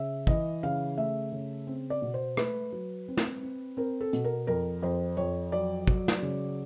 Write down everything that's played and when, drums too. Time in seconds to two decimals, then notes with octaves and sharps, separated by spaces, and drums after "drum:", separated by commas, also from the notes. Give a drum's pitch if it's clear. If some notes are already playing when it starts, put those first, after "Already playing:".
Already playing: C#3 E5
0.27 E3 D#5, drum: kick
0.63 C#3 F5
0.98 A3 E5
1.32 C#3
1.67 C4
1.90 D5
2.02 B2
2.14 C5
2.37 A3 B4, drum: rim click
2.72 F#3
3.08 C4
3.17 drum: snare
3.42 C4
3.77 C4 A#4
4.01 A4
4.13 B2, drum: hi-hat
4.24 A#4
4.47 F2 A#4
4.82 F2 C5
5.17 F2 C#5
5.52 F#3 D5
5.87 F#3, drum: kick
6.08 drum: snare
6.22 C#3